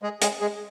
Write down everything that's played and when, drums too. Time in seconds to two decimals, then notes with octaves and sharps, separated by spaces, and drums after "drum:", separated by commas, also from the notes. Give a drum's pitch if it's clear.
0.02 G#3 G#4
0.22 G#3 G#4, drum: hi-hat
0.41 G#3 G#4